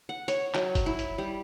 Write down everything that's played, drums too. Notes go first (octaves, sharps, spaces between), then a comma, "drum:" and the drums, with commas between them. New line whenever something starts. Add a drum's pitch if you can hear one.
F#5
C#5, drum: hi-hat
F#3, drum: clap
drum: kick, hi-hat
E4
drum: hi-hat
G3